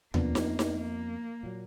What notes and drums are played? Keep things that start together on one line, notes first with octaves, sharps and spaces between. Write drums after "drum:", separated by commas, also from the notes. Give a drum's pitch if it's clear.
F2 F3 A#3 B3 D4, drum: tom D#2
drum: snare D#4
drum: snare D#4
A#3
A#2 F#3